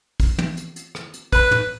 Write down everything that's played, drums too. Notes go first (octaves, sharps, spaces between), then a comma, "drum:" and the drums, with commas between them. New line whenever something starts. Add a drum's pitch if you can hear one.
drum: kick, open hi-hat
drum: tom
drum: hi-hat
drum: hi-hat
drum: rim click
drum: hi-hat
B4 B5 F#6, drum: kick, open hi-hat
drum: tom